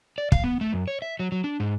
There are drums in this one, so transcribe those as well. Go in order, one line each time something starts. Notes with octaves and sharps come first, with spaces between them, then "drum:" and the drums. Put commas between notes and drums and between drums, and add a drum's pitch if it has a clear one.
D5
F5, drum: kick
B3
A3
F#2
C#5
E5
F#3
F#3
D4
G#2